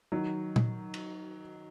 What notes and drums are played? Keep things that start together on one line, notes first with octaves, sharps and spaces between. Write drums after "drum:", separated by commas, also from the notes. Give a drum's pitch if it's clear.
D#3 F#3
drum: tom A#2
drum: cymbal